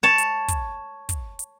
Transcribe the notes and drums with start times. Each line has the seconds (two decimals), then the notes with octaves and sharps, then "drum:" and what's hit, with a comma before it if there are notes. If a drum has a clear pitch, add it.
0.03 C#5 A5
0.18 drum: hi-hat
0.48 drum: kick, hi-hat
1.09 drum: kick, hi-hat
1.39 drum: hi-hat